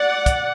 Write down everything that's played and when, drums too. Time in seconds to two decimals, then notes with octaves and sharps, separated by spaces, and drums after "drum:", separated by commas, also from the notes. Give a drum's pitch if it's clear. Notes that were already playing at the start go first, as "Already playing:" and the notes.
Already playing: D5 F#5
0.26 drum: kick, hi-hat